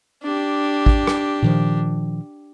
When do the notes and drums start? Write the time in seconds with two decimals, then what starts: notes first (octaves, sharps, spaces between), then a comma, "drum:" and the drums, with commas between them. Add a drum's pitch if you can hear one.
0.23 D4 G4
0.86 drum: kick A1
1.07 drum: rim click
1.42 A#2 D#3 F3